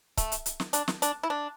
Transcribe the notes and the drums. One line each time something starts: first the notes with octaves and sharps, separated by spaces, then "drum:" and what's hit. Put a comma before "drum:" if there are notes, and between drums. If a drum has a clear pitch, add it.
A3, drum: kick C#1, hi-hat
drum: hi-hat
drum: hi-hat
drum: snare
D4, drum: hi-hat
drum: snare
D4, drum: hi-hat
E4
D4